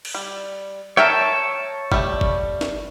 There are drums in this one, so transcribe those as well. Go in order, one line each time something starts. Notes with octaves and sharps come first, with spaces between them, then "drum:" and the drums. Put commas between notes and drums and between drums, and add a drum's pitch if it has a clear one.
drum: cymbal
G3
A#4 C#5 E5 G5 A5
G3 A3, drum: kick G1
drum: kick G1
drum: snare